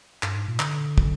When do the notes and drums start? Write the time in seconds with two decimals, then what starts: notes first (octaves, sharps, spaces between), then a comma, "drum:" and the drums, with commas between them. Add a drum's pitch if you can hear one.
0.23 G2, drum: clap
0.35 G#2
0.48 A#2
0.60 D3, drum: clap
0.98 drum: kick